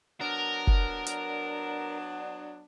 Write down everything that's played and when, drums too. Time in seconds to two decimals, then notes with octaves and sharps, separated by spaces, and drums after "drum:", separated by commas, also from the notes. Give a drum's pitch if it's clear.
0.21 F#3 B3 D4 A#4
0.67 drum: kick F#1
1.06 drum: hi-hat